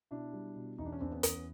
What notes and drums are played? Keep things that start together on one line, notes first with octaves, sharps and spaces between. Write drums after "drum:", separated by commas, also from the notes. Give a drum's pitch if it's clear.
B2 D4 E4
G3
B2
E2 D#4
D4
C#4
E2 C4 D4
B3 C#4
E2, drum: hi-hat